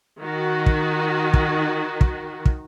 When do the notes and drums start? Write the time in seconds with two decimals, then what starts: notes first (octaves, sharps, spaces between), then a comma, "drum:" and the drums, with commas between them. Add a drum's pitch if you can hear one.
0.22 D#3 F#4
0.66 drum: kick
1.34 drum: kick
2.01 drum: kick
2.46 drum: kick